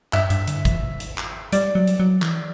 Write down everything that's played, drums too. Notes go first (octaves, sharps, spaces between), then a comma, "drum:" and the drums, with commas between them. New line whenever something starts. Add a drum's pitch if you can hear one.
G2 E5, drum: clap
G2, drum: hi-hat
D3, drum: hi-hat
E3, drum: kick G#1, hi-hat
drum: hi-hat
drum: clap
G3 D5, drum: hi-hat
F#3
drum: hi-hat
F#3
E3, drum: clap